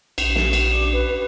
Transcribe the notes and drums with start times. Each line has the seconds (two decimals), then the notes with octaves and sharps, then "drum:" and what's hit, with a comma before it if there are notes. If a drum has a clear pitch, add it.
0.18 A#1, drum: cymbal
0.35 drum: snare
0.53 drum: cymbal
0.67 D4
0.92 B4